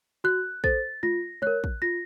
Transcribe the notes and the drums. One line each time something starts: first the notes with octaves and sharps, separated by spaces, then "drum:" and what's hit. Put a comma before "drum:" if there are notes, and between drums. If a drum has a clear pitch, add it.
F#4 F#6
A4 C5 A6, drum: kick
F4 A#6, drum: tom G#3
A#4 C#5 F#6, drum: tom G#3
drum: kick
F4 A#6